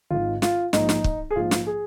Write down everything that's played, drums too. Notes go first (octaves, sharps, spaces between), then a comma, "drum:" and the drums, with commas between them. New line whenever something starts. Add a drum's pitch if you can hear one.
G#1 G#2 D#3 F4
F4, drum: snare
A#1 G#2 F3 D#4, drum: snare
drum: snare
drum: kick
G#4
A#1 G#2 F3 F4
drum: snare
G#4